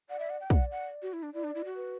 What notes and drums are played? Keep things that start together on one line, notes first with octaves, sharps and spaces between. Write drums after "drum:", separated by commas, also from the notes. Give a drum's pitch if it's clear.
D5 F#5
E5
F#5
G5
D5 F#5, drum: kick
F#5
F#4
E4
D4
E4 D5
D4
E4
F#4
B4